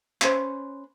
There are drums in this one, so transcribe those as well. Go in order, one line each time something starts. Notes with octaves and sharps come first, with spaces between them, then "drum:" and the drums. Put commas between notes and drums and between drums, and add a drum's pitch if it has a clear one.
C#4 B4 C5, drum: clap